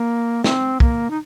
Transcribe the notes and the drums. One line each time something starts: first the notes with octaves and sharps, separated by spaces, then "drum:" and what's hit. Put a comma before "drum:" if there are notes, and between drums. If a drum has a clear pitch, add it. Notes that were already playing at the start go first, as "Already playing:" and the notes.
Already playing: A#3
C4, drum: snare
A#3, drum: kick
D#4